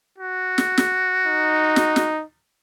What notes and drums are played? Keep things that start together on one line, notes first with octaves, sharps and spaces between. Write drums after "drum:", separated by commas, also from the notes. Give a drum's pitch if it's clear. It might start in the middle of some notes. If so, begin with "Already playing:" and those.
F#4
drum: snare
drum: snare
D#4
drum: snare
drum: snare